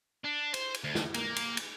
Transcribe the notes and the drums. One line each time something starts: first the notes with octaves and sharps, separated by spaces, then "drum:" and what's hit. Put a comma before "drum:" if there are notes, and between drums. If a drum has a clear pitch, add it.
D4
C5, drum: cymbal
drum: cymbal
D2
drum: snare
A#3, drum: cymbal
drum: cymbal
drum: cymbal